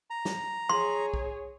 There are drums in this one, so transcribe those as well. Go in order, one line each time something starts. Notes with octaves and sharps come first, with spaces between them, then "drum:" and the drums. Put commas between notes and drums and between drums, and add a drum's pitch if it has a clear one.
A#5
drum: snare
G#4 C#5 C6
drum: kick